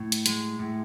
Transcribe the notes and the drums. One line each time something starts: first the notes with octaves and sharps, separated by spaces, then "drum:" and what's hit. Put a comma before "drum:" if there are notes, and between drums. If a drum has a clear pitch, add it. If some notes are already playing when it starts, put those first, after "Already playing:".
Already playing: A2
drum: hi-hat
G#3, drum: hi-hat
A2